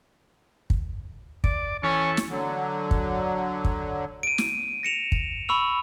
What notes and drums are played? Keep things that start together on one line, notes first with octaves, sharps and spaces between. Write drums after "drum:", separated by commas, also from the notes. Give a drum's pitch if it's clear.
drum: kick
D5, drum: kick
E3 C#4 A4 C#6
drum: snare
D3 F#3
drum: kick
drum: kick
D7 D#7
drum: snare
A#6 C#7 E7 F7
drum: kick
B5 C#6 E6 F7